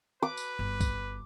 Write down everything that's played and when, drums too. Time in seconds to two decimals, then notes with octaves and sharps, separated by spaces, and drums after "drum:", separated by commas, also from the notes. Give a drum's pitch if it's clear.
0.22 B4 D6
0.37 drum: tambourine
0.59 G1
0.81 drum: kick, tambourine